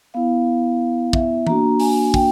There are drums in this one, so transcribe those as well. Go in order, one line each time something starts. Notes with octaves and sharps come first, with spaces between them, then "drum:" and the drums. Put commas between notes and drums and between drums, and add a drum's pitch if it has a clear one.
B3 E4 F5
E5, drum: kick
A#3 D4 F#4 A#5, drum: tom E3
G#5, drum: open hi-hat
G5, drum: kick